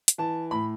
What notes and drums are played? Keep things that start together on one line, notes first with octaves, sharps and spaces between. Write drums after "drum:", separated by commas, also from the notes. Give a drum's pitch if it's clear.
drum: hi-hat
E3 A5
A2 B5